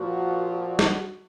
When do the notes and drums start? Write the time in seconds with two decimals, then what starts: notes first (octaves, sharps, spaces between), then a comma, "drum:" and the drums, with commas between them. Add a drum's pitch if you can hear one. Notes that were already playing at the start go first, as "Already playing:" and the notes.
Already playing: A#2 F3 A#3 F#4
0.49 F#4
0.79 drum: snare